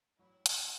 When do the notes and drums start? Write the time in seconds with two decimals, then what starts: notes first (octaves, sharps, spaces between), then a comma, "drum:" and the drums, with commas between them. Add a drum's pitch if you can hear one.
0.18 A1 A2 F#3 E4
0.46 drum: hi-hat